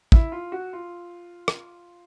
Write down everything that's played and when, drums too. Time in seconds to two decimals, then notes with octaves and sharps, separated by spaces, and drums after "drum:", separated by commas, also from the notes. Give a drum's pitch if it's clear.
0.12 E4, drum: kick
0.32 F4
0.52 F#4
0.73 F4
1.48 drum: rim click